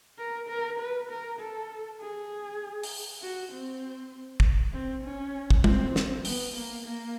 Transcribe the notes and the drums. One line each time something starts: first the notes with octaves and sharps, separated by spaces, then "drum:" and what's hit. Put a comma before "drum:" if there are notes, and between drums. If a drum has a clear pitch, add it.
A#4
A#4
B4
A#4
A4
G#4
drum: open hi-hat
F#4
C4
drum: kick
C4
C#4
drum: kick
C4, drum: tom
drum: snare
B3, drum: open hi-hat
A#3
A#3